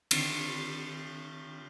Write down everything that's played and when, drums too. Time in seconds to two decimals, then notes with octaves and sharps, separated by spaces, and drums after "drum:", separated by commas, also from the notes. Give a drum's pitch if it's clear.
0.11 D3 D#3 C4 D4, drum: cymbal